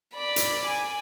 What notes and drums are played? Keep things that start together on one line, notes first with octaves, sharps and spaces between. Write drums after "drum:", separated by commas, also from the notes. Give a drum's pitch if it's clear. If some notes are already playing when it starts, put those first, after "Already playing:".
D5 B5
drum: hi-hat
G#5